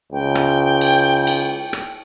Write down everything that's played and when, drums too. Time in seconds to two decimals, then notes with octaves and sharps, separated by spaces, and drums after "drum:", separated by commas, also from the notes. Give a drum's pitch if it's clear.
0.12 C#2 G5
0.35 drum: rim click
0.81 drum: cymbal
1.27 drum: cymbal
1.73 drum: rim click